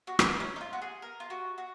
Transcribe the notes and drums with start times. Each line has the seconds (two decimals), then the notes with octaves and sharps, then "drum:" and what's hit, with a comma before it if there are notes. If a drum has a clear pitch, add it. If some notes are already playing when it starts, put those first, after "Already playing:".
0.07 F#4
0.19 G#4, drum: rim click
0.40 C#4
0.56 D#4
0.61 F4
0.73 F#4
0.82 G#4
1.02 A#4
1.20 F4
1.30 F#4
1.58 F#4